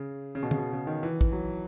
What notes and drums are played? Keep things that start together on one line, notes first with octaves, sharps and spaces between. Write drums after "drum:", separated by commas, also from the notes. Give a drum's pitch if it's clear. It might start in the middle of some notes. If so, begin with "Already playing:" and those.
Already playing: C#3
C#3
B2
C#3, drum: tom
B2
C#3
D#3
E3
drum: kick
F#3